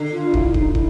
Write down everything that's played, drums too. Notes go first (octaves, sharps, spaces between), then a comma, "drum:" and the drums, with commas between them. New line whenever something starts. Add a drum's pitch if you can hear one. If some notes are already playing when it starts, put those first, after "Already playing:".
Already playing: D3
F4
E4, drum: kick
D#4, drum: kick
E4, drum: kick